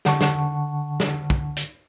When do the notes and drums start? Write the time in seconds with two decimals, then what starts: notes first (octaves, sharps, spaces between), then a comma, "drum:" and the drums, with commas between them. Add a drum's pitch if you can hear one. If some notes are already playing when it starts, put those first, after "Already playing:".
0.05 D3 F#5 A5 C#6, drum: snare
0.21 drum: snare
1.00 drum: snare
1.30 drum: kick
1.57 drum: hi-hat